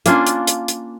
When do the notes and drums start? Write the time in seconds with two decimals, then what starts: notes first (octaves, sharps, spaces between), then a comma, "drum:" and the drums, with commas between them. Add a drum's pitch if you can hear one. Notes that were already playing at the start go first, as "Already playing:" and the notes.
0.06 A#3 C#4 D4 F4, drum: hi-hat
0.27 drum: hi-hat
0.47 drum: hi-hat
0.68 drum: hi-hat